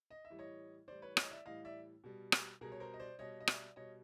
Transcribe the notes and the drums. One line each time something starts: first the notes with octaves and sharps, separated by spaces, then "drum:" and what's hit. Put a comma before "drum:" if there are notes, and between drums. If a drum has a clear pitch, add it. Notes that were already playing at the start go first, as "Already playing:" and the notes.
D#5
E5
A2 E3 G3
C#5 D#5
A2 E3 G3 C5 D5
B4 C#5
C#5 D#5, drum: rim click
D5 E5
A2 E3 G3 D#5 F5
D5 E5
B2 G3
drum: rim click
B2 G3 G#4 A#4
C#5
A#4 C5
D#5
C5 D5
B2 G3 C#5 D#5
D#5
D5 E5, drum: rim click
B2 G3 C#5 D#5